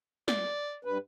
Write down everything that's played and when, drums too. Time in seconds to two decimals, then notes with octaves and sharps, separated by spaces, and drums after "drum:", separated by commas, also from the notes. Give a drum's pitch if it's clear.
0.28 D5, drum: snare
0.85 G2 B4